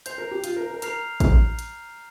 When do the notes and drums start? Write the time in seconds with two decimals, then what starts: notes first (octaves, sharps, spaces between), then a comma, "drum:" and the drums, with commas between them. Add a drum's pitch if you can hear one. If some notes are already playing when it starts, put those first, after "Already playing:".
0.06 C5 G6 C7 F7, drum: hi-hat
0.18 A#4
0.31 G4
0.44 F4, drum: hi-hat
0.56 A#4
0.70 A#4
0.82 A#4 A#5 F6 C7 F7, drum: hi-hat
1.20 drum: kick A1, hi-hat
1.59 drum: hi-hat